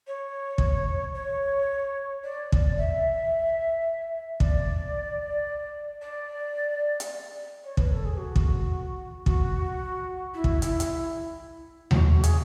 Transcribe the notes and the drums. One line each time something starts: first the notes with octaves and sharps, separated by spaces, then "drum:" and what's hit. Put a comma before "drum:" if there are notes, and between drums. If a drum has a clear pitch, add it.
C#5
drum: kick
C#5
D5
drum: kick
E5
D5, drum: kick
D5
drum: hi-hat
C#5
B4, drum: kick
A4
G#4
F#4
drum: kick
F#4, drum: kick
E4
drum: kick
E4, drum: hi-hat
drum: hi-hat
E4, drum: tom D#2
F#4
F#4
G#4, drum: hi-hat